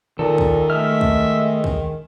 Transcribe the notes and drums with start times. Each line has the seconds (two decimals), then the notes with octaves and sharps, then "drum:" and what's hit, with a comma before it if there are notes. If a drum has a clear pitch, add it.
0.19 A#2 D#3 A4
0.38 drum: kick
0.70 G#3 A3 E5 F6
1.01 drum: kick
1.64 drum: kick